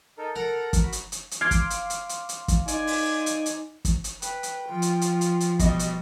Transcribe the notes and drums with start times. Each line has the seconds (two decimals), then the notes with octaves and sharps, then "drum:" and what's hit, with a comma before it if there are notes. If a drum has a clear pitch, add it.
0.18 D#4 A4 A#4
0.36 A4 A#4 F#5 A#5
0.73 drum: kick, hi-hat
0.83 F#4 B5
0.92 drum: hi-hat
1.12 drum: hi-hat
1.31 drum: hi-hat
1.41 F5 C6 D6 G#6
1.51 drum: kick, hi-hat
1.70 drum: hi-hat
1.90 drum: hi-hat
2.09 drum: hi-hat
2.29 drum: hi-hat
2.48 drum: kick, hi-hat
2.68 D#4 C5 D5 G#5, drum: hi-hat
2.87 drum: open hi-hat
3.26 drum: hi-hat
3.46 drum: hi-hat
3.85 drum: kick, hi-hat
4.04 drum: hi-hat
4.22 B4 G5, drum: hi-hat
4.43 drum: hi-hat
4.68 F3 F4
4.82 drum: hi-hat
5.01 drum: hi-hat
5.21 drum: hi-hat
5.40 drum: hi-hat
5.59 B2 G3 D#5, drum: kick, hi-hat
5.79 drum: hi-hat